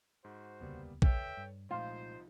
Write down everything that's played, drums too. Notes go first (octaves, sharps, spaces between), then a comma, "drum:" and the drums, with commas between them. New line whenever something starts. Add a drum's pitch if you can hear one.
G#2 F#4 C5
E1 D2 C#3 G3 A#3 B3
A4 B4 C#5 E5 G5, drum: kick
G2
C2 A#2 F3 G#3 A3 D#4 F4 C5